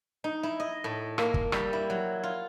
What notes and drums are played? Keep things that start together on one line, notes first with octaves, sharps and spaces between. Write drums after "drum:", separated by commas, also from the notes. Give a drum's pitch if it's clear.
D#4
E4
D#5
A2
A#3, drum: rim click
drum: kick
G3, drum: rim click
E4
F#3
F4